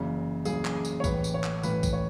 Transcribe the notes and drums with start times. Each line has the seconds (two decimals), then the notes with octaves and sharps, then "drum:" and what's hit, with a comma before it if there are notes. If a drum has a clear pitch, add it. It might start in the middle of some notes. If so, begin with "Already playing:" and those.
Already playing: F#1 F#2 C#3 E3
0.45 F#1 F#2 C#3 E3 G#4, drum: tambourine
0.65 drum: clap
0.85 drum: tambourine
1.00 C#5
1.04 A1 A2 E3 B4, drum: kick, tambourine
1.24 drum: tambourine
1.34 C#5
1.44 drum: clap
1.63 A1 A2 E3 B4, drum: tambourine
1.83 drum: kick, tambourine
1.93 C#5